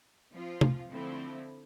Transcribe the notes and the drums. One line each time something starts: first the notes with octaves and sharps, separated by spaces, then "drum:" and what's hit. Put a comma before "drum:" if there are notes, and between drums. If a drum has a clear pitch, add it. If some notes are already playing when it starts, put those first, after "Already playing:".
F3 C4 F4
drum: tom
D3 F3 A3 C4 E4